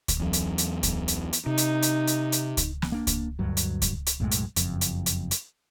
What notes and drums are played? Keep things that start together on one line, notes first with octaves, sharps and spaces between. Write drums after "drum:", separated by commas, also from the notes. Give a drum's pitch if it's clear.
drum: kick C#2, hi-hat
E2 F#3
drum: hi-hat
drum: hi-hat
drum: kick C#2, hi-hat
drum: hi-hat
drum: hi-hat
C3 D#4
drum: hi-hat
drum: hi-hat
drum: hi-hat
drum: hi-hat
drum: kick C#2, hi-hat
drum: snare
A#3 D4
drum: kick C#2, hi-hat
D2 G2 F#3
drum: hi-hat
drum: kick C#2, hi-hat
drum: hi-hat
B1 F#2 A2 G#3
drum: hi-hat
F#1 F2, drum: hi-hat
drum: hi-hat
drum: hi-hat
drum: hi-hat